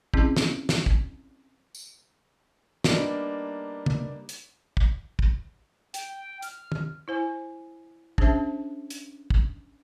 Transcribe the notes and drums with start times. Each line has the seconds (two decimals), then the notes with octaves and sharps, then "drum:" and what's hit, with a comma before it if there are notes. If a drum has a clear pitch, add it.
0.14 F#3 C4 C#4 E4 G#4, drum: kick
0.37 drum: snare
0.69 drum: snare
0.86 drum: kick
1.75 drum: tambourine
2.84 G3 A#3 B3 D4 D#4, drum: snare
3.86 drum: tom
4.29 drum: hi-hat
4.77 drum: kick
5.19 drum: kick
5.94 G5, drum: hi-hat
6.42 F6, drum: hi-hat
6.72 drum: tom
7.08 E4 C5 G#5
8.18 C#4 D4 G#4 C5 E5, drum: kick
8.90 drum: hi-hat
9.30 drum: kick